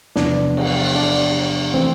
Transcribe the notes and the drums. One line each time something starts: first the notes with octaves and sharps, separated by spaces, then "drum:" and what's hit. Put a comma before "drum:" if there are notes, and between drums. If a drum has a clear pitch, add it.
E2 C3 F3 B3 D4, drum: snare
drum: cymbal
D4
E3 A3 C4